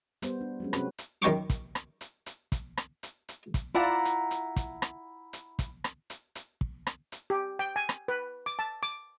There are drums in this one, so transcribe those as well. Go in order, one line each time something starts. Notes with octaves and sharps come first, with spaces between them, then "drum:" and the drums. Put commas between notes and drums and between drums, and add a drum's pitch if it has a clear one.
G3 B3 C5, drum: hi-hat
D4
F#3 G#3 C#4
C3 C4 C#4 F#4 B4, drum: rim click
drum: hi-hat
F#2 D#3 G5 C#6 D6, drum: hi-hat
drum: kick, hi-hat
drum: rim click
drum: hi-hat
drum: hi-hat
drum: kick, hi-hat
drum: rim click
drum: hi-hat
drum: hi-hat
drum: kick, hi-hat
E4 F4 D5 F#5 A5 A#5
drum: hi-hat
drum: hi-hat
drum: kick, hi-hat
drum: rim click
drum: hi-hat
drum: kick, hi-hat
drum: rim click
drum: hi-hat
drum: hi-hat
drum: kick
drum: rim click
drum: hi-hat
G4
G5
G#5
drum: rim click
B4
D6
A5
D6